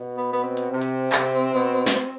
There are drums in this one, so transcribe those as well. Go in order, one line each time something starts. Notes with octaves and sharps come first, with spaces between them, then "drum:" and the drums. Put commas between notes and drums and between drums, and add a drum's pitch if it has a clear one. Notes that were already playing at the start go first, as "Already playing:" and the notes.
Already playing: B2
B3
B3
C4
drum: hi-hat
C3
drum: hi-hat
C3, drum: clap
B2
drum: snare